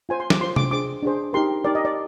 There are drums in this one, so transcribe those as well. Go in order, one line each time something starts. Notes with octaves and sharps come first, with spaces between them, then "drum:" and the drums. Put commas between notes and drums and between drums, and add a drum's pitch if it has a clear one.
F4 C5 G#5
C6
D6, drum: snare
F4 C5 C6
D6, drum: tom C3
D4 G#4 C5 D6
D4 G#4 C5
D#4 G4 A#4 C6
D#4 G4 A#4 D5
D#5
D5